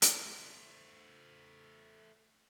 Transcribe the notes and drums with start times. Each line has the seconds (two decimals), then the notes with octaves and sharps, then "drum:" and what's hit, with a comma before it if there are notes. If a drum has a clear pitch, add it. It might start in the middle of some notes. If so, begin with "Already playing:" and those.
0.02 A3 C5, drum: hi-hat